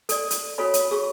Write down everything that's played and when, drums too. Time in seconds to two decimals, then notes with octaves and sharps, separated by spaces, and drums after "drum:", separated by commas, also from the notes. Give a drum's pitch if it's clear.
0.09 A4 D5, drum: hi-hat
0.30 drum: hi-hat
0.58 F#4 A4 C#5 B5
0.74 drum: hi-hat
0.91 G#4 C#6